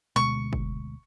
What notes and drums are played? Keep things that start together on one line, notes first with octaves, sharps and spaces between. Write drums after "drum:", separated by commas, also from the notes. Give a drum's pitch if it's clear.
D2 B2 G#3 C#6
drum: kick